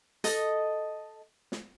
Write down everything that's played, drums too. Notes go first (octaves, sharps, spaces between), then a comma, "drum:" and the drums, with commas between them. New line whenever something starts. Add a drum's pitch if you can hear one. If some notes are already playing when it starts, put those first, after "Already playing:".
A4 D#5 D#6, drum: hi-hat
drum: snare